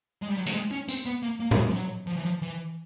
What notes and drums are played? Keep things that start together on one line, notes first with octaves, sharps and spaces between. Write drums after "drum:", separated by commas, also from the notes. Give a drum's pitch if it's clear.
G#3
G3
F#3
A3, drum: hi-hat
G#3
C#4
C4, drum: tambourine
B3
A#3
A#3
A3, drum: tom A2
G#3
F3
F#3
F3
E3
F3
E3